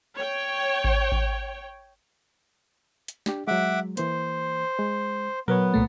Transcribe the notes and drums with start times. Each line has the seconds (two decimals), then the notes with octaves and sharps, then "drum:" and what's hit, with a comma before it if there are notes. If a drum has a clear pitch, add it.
0.15 C#5 G5
0.84 drum: kick G#1
1.12 drum: kick G#1
3.08 drum: hi-hat
3.26 D4 G4, drum: snare
3.48 F#3 G#3 E5 F#5 D6
3.97 E3 A#3 C5, drum: hi-hat
4.79 G#3
5.48 F#3 B3 A#4 B4 C#5, drum: tom A#2
5.74 C2 A#2 A3